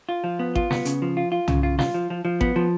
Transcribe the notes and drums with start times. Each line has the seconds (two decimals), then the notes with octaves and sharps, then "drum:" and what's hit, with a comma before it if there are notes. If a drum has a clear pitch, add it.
0.09 F4
0.24 F3
0.39 B3
0.55 F4, drum: kick G#1
0.71 B3, drum: snare
0.85 C#3, drum: hi-hat
1.02 F3
1.17 F4
1.32 F4
1.48 C#3, drum: tom
1.63 F4
1.79 F4, drum: snare
1.94 F3
2.10 F3
2.25 F3
2.41 B3, drum: kick G#1
2.56 F3